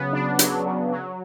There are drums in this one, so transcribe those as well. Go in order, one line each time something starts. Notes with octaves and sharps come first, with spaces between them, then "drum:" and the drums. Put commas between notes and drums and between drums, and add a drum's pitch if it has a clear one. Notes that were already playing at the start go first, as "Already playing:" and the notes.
Already playing: C#3 F#3 B3
D4
F#3, drum: hi-hat
C#3
F#3